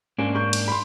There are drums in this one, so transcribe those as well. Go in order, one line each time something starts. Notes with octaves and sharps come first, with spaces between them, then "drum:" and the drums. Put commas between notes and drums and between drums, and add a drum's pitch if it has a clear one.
G#2 A#3 C#4 D4 G#5
C#6 G6
drum: cymbal
B5 C6